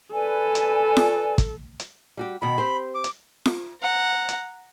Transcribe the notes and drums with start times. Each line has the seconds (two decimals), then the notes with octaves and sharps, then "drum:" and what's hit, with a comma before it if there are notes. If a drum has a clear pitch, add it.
0.13 A4 B4 D5 G#5
0.55 drum: hi-hat
0.97 drum: snare F4
1.38 drum: kick, hi-hat
1.80 drum: hi-hat
2.17 G3 F#4 G4
2.42 B2 D#3 B5
2.58 C4 G4 C5
2.95 D6
3.04 drum: hi-hat
3.46 drum: snare F4
3.81 F#5 A#5
4.29 drum: hi-hat